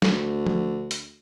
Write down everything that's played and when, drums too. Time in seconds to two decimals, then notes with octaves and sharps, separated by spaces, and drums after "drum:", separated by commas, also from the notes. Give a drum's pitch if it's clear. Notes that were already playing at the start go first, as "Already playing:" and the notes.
0.02 D2, drum: snare
0.47 drum: tom F3
0.91 drum: hi-hat